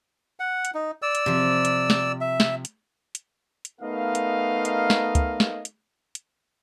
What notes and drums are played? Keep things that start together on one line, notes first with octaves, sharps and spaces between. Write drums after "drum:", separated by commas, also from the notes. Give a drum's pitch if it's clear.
F#5
drum: hi-hat
D#4
D5 E6
drum: hi-hat
C3 F3
drum: hi-hat
drum: snare
E5
drum: snare
drum: hi-hat
drum: hi-hat
drum: hi-hat
A3 B3 D#4 A#4 D#5 F5
drum: hi-hat
drum: hi-hat
drum: snare
drum: kick, hi-hat
drum: snare
drum: hi-hat
drum: hi-hat